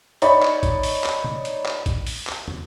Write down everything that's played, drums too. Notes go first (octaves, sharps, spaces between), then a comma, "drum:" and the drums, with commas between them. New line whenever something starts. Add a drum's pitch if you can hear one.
D#4 C#5 D5 B5, drum: hi-hat
drum: clap
drum: kick A1, hi-hat
drum: open hi-hat
drum: clap
drum: tom
drum: hi-hat
drum: clap
drum: kick A1, hi-hat
drum: open hi-hat
drum: clap
drum: tom